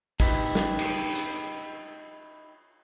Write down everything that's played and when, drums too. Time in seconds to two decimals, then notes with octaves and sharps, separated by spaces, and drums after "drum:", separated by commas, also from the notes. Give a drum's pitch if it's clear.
0.20 D#4 E4 G4 B4 E5, drum: kick
0.55 drum: snare
0.79 drum: cymbal
1.15 drum: hi-hat